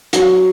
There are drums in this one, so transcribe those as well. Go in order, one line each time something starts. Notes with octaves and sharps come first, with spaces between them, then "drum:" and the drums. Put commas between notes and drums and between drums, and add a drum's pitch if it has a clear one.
F#3, drum: hi-hat